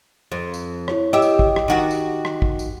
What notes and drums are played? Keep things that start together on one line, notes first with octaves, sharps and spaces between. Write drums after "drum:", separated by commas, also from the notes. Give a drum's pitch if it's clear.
F2
drum: tambourine
E4 C#5, drum: rim click
G4 D#5 E5 G5 D6
drum: tambourine
drum: kick
drum: rim click
D#3 F#4 G4
drum: tambourine
drum: rim click
drum: kick
drum: tambourine